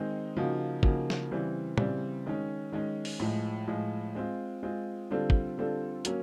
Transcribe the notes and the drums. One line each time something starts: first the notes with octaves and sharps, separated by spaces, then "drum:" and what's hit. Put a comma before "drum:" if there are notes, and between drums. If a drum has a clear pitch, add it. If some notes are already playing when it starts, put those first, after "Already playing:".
Already playing: D#3 G#3 C4 D#4
C#3 F3 A#3 D#4 F#4
C#3 F3 A#3 D#4 F#4, drum: kick
drum: snare
C#3 E3 G3 C4
C#3 E3 G3 C4, drum: tom
D#3 G#3 C#4
D#3 G#3 C#4
drum: open hi-hat
A2 F3 G#3
A2 F3 G#3
G#3 C4 F4
G#3 C4 F4
D3 G3 C4 F4 A4
drum: kick
D3 G3 C4 F4 A4
F#3 A#3 C#4, drum: hi-hat